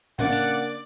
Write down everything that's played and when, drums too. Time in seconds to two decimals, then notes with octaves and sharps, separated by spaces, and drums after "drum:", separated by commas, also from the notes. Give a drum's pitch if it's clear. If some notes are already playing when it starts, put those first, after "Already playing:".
0.19 C#3 A#3 D4 D5 F#5, drum: tom A2
0.32 drum: open hi-hat